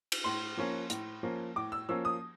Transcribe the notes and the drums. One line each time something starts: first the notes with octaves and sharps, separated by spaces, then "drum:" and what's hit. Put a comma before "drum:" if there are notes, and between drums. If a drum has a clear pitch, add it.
drum: cymbal
A2 C6
F3 A#3 C#4
A2, drum: hi-hat
F3 A#3 C#4
A2 D6
E6
F3 A#3 C#4 E6
D#6